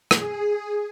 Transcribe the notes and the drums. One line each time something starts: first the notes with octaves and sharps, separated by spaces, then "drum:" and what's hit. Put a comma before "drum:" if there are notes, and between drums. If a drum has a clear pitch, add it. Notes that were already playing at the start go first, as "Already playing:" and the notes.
G#4, drum: rim click